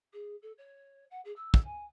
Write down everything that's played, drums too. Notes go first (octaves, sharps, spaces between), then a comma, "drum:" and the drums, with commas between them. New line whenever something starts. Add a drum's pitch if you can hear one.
G#4
A4
C#5
F#5
G#4
E6
drum: kick
G#5